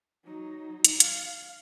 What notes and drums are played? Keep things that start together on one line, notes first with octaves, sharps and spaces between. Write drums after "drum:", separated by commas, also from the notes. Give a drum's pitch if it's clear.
F#3 D#4
drum: hi-hat
F5, drum: hi-hat